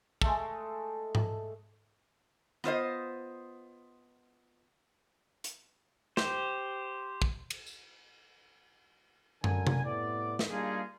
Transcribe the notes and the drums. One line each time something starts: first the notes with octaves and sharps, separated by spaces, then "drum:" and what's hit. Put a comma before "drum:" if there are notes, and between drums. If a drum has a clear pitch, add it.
G#3 A3 A4, drum: kick
drum: tom G#2
B3 F4 C5 D#5, drum: rim click
drum: hi-hat
G4 C5, drum: snare
drum: kick
drum: cymbal
drum: tambourine
F#2 D3 A#4 G#5, drum: tom
drum: tom C3
A2 C3 B3 D5
drum: snare
G3 A#3 D4 D#4 F4 G#4